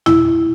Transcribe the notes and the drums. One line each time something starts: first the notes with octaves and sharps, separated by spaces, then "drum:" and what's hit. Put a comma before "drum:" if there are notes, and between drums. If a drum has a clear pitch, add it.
E4, drum: tom